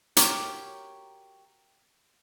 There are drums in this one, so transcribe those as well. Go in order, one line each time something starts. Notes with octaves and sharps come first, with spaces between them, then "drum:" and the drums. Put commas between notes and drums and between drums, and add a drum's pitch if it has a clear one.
F#4 G4 A#4 C#5, drum: hi-hat